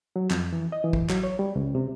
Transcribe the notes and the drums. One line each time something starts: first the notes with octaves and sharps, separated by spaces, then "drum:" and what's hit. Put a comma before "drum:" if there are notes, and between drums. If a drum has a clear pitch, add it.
F#3
F2, drum: clap
E3
D#5
E3
drum: kick A1
F#3, drum: clap
C#5
G3
C#2
C3